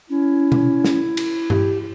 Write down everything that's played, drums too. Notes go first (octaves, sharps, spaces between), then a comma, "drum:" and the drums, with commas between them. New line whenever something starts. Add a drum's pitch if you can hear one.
C#4 E4
drum: tom B2
drum: snare
drum: cymbal
G4, drum: tom G2